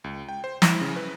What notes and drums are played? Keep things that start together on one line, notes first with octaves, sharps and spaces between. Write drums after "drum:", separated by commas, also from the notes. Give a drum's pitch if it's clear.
C#2
G5
C5
E4, drum: snare
C#3
B4